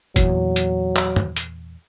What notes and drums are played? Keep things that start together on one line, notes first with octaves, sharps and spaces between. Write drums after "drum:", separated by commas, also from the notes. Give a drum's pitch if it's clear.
E2 A#2 F#3, drum: kick, hi-hat
drum: hi-hat
drum: clap
drum: tom
drum: hi-hat